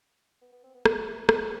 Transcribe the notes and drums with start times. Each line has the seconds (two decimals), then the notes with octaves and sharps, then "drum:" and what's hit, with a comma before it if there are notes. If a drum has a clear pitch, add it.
0.42 B3
0.53 B3
0.64 C4
0.75 B3
0.85 B3, drum: rim click
1.08 A3
1.29 C4, drum: rim click